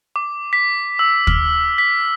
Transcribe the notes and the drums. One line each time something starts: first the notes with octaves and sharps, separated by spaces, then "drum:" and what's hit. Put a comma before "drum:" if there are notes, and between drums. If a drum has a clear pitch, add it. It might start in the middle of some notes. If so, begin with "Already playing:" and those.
D6
B6
E6
F6, drum: kick
B6